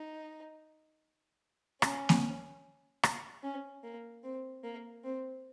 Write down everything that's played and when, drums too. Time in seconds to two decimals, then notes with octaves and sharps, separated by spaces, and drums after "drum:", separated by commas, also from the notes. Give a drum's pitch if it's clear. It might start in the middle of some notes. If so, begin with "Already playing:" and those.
Already playing: D#4
1.82 C#4, drum: rim click
2.09 drum: snare A#3
3.03 drum: rim click
3.43 C#4
3.83 A#3
4.23 C4
4.63 A#3
5.04 C4